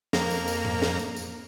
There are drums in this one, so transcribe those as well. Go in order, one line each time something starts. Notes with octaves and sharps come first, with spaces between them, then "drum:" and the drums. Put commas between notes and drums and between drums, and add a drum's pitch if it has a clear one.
F2 A#3 A#5, drum: snare
drum: tambourine
drum: tambourine
drum: tom G#2
drum: snare
drum: tambourine
drum: tambourine